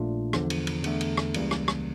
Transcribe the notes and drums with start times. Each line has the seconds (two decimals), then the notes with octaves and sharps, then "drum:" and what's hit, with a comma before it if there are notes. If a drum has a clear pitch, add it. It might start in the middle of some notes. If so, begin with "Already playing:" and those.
Already playing: A#1 A#2 A3 D4 F4
0.33 E2 D3 F3, drum: rim click
0.50 drum: cymbal
0.67 drum: cymbal
0.84 E2 D3 A3, drum: cymbal
1.01 drum: cymbal
1.17 drum: rim click
1.34 C#2 C#3 E3 G3 A#3, drum: cymbal
1.51 drum: rim click
1.68 drum: rim click